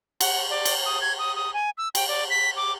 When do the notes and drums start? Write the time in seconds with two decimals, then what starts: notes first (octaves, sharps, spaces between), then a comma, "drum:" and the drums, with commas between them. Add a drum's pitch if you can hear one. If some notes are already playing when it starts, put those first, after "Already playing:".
0.21 F#5, drum: cymbal
0.50 D5
0.65 drum: cymbal
0.86 D#6
1.02 G#6
1.19 D#6
1.36 D#6
1.54 G#5
1.78 E6
1.95 G5, drum: cymbal
2.08 D5
2.30 B6
2.57 D6